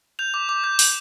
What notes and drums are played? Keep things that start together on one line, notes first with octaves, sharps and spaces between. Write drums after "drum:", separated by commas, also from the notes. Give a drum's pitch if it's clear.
G6 F7
D6
D6
G6
G6, drum: open hi-hat